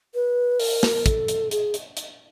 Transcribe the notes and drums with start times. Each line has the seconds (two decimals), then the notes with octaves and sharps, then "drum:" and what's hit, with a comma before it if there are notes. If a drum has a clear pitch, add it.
0.15 B4
0.60 A#4, drum: open hi-hat
0.83 drum: snare
1.06 A4, drum: kick, hi-hat
1.28 drum: hi-hat
1.51 G#4, drum: hi-hat
1.74 drum: hi-hat
1.97 drum: hi-hat